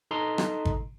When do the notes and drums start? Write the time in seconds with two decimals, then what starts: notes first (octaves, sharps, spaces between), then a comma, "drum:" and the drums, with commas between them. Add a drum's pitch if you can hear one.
0.11 D#4 A4 D#5 A#5 C6
0.38 drum: rim click
0.65 drum: kick